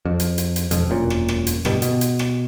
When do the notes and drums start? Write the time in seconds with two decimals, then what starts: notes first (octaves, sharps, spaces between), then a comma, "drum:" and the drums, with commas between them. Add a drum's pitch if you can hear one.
0.05 F2
0.20 drum: hi-hat
0.38 drum: hi-hat
0.56 drum: hi-hat
0.71 E1 F2, drum: hi-hat
0.89 E1 F#2 A#2
1.10 drum: rim click
1.28 drum: rim click
1.47 drum: hi-hat
1.65 D1 G2 B2 G3, drum: rim click
1.82 B2, drum: hi-hat
2.01 drum: hi-hat
2.19 drum: rim click